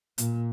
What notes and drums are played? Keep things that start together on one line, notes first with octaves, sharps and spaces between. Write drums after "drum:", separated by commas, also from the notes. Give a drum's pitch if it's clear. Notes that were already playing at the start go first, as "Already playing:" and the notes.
A#2, drum: hi-hat